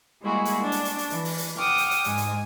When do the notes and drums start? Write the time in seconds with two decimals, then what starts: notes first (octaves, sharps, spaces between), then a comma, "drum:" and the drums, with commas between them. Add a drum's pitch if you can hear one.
0.21 G3 G#3 A#3 E4 F#4 G#4
0.45 drum: hi-hat
0.62 D4
0.72 drum: hi-hat
0.85 drum: hi-hat
0.98 drum: hi-hat
1.10 E3, drum: hi-hat
1.25 drum: open hi-hat
1.38 drum: hi-hat
1.57 F#5 G5 D6 D#6 F6
1.78 drum: hi-hat
1.91 drum: hi-hat
2.04 G#2 G#5 D#6, drum: hi-hat
2.18 drum: hi-hat